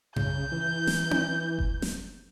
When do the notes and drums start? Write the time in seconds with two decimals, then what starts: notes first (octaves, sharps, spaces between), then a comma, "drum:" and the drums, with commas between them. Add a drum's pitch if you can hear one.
0.16 C#3 G6, drum: tom F#2
0.52 E3
0.87 drum: snare
1.11 drum: tom C4
1.59 drum: kick F#1
1.82 drum: snare